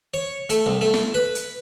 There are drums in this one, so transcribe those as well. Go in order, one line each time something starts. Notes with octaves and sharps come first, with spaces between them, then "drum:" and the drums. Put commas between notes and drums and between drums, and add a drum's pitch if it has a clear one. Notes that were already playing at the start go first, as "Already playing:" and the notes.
C#5
A3, drum: hi-hat
C2
A3
drum: snare
B4
drum: hi-hat